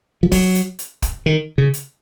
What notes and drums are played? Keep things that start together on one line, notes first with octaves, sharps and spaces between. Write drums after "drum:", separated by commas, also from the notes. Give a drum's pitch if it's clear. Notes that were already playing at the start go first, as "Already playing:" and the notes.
F3
F#3, drum: kick, open hi-hat
drum: hi-hat
drum: hi-hat
drum: kick, hi-hat
D#3
C#3
drum: hi-hat